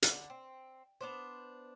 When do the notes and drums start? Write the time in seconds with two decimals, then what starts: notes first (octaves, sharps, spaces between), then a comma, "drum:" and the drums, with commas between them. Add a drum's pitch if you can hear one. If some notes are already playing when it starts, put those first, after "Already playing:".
0.02 D3, drum: hi-hat
0.30 C4
1.01 B3 D4 C5